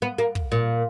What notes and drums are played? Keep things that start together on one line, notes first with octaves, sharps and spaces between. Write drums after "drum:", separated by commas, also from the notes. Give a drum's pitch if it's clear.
B3
A#3
drum: kick
A#2